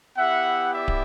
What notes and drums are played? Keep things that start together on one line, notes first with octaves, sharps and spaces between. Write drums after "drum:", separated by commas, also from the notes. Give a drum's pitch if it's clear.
B3 E4 G4 E5 F#5
D5 E5
drum: kick